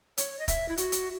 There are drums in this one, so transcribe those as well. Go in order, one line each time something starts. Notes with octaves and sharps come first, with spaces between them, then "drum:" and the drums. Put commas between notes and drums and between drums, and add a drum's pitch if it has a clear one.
C#5, drum: hi-hat
D#5
E5, drum: kick, hi-hat
E4
F#4, drum: hi-hat
drum: hi-hat